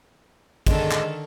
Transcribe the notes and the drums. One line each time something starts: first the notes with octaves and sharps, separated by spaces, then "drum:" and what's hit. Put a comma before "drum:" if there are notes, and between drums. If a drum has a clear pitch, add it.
D3 D#3 G#3 A4, drum: kick, cymbal
drum: clap